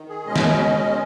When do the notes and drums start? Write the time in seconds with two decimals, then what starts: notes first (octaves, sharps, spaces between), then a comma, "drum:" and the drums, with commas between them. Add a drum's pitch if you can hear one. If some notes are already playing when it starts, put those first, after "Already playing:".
Already playing: D#3
0.09 G#4
0.26 B2 G#3 C#4 D#5
0.36 drum: snare